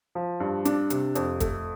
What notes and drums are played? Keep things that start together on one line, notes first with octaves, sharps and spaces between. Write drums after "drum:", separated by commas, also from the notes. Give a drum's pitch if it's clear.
F3
G2
D4, drum: hi-hat
C3, drum: hi-hat
F2, drum: hi-hat
A3, drum: kick, hi-hat